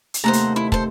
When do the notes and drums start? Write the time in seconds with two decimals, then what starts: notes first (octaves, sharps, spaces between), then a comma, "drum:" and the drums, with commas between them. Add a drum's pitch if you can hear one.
0.14 drum: hi-hat
0.24 D#2 C3 A3 C5 F#5 A#5
0.33 drum: hi-hat
0.56 E4
0.72 A4 C5, drum: kick